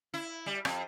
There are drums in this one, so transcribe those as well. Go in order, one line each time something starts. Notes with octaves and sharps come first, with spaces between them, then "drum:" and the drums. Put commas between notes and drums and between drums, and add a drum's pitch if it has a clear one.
E4
G3
F2, drum: rim click